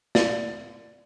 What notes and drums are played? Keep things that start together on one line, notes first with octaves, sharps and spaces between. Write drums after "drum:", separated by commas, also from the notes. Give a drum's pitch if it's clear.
D5, drum: snare